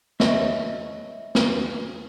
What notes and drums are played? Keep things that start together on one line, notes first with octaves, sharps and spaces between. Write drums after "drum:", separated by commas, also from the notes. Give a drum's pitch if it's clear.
C#5 D#5 E5, drum: snare
drum: snare